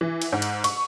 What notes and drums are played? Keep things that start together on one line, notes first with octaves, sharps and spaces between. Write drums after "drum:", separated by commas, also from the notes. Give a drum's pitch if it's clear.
E3
drum: cymbal
G#2
drum: cymbal
C#6, drum: cymbal